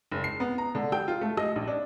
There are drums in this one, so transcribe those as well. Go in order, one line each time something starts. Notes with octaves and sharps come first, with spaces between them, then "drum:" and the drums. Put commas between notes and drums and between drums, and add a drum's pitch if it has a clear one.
F#1
C7
B3
A#5
D3
G5, drum: rim click
F4
A3
D#5, drum: rim click
A#1
D4